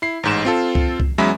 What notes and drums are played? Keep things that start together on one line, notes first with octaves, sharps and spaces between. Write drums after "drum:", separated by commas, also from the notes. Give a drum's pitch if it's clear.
E4 C7
A1 G#2 E7
C4 F4 A4
drum: kick C2
drum: kick C2
E2 F#3 G#3 C#4 E5 B5